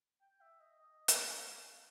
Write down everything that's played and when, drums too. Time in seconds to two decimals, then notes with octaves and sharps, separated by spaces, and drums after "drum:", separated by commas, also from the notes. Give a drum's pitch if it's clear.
0.21 G5
0.41 E5
0.60 D#5
0.79 D#5
1.08 F5, drum: hi-hat